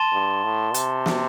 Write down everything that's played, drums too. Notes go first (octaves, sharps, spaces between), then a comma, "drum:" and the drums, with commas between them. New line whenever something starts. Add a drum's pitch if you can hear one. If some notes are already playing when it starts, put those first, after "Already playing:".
Already playing: A5 C6 A6 E7 G7
G2
A2
C3, drum: hi-hat
drum: snare